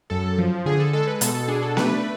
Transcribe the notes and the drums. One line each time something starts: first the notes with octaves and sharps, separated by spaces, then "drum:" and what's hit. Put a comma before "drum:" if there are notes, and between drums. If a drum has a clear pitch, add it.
F#2 A4
F3
D3 G#4
A4
G#3 A4
B4
B2 A4, drum: hi-hat
A4
D4 G#4
A4
A3 B4, drum: snare B3